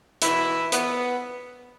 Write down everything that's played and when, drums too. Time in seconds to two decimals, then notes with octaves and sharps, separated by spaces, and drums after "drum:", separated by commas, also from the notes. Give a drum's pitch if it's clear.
0.22 B2 E3 E4, drum: hi-hat
0.72 B3, drum: hi-hat